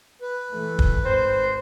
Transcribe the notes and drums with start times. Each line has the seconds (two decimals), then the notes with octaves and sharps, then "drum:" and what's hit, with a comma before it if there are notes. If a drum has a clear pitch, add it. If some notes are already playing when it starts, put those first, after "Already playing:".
0.22 B4
0.52 E3 A3
0.79 drum: kick
1.05 G#1 C4 C5